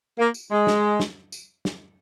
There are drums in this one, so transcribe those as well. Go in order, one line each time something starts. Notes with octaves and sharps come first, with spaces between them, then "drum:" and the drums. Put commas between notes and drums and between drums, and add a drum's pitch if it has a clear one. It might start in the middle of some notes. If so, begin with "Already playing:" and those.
A#3
drum: tambourine
G#3
drum: snare
drum: snare
drum: tambourine
drum: snare